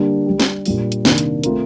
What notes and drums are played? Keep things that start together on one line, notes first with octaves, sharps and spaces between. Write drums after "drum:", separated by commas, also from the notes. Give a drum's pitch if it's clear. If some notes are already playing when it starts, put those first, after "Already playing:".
Already playing: D3 G3 A#3 D4
G3 D4 G4
drum: snare
A#2 G3 D4 F4, drum: open hi-hat
drum: hi-hat
C3 D#3 A#3 D4, drum: snare
drum: hi-hat
A3 C4 F4 A#4, drum: hi-hat